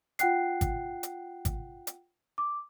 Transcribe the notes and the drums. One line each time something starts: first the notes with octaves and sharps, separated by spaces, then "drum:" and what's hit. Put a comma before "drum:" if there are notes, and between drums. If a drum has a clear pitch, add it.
F4 F#5 G5 F#6 C7, drum: hi-hat
drum: kick, hi-hat
drum: hi-hat
drum: kick, hi-hat
drum: hi-hat
D6